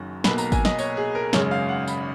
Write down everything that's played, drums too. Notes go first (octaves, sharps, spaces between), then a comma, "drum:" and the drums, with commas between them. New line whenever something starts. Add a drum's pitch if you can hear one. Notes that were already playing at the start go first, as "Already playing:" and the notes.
Already playing: F#1 F#2 D#3 F#3 C#4
B1 B2 A#3 B5, drum: snare
A#5, drum: tambourine
G#5, drum: kick G#1, tambourine
D#5, drum: snare
C#5, drum: tambourine
G#4
A#4
G#1 F#2 C#3 G#3 C#5, drum: snare
F5
F#5
B5, drum: tambourine